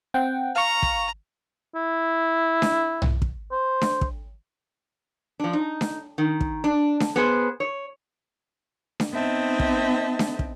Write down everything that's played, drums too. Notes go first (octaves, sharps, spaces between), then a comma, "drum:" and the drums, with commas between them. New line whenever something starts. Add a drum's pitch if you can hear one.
C4 F#5 G5
F5 A#5 C#6
drum: kick
E4
drum: snare D4
drum: tom
drum: kick
C5
drum: snare D4
drum: kick
F3 D4
D#4
drum: snare D4
D#3
drum: kick
D4
drum: snare D4
B3 G#4 C5
C#5
drum: snare D4
B3 C4 D#4 D#5 E5 A5
drum: kick
drum: snare D4
drum: kick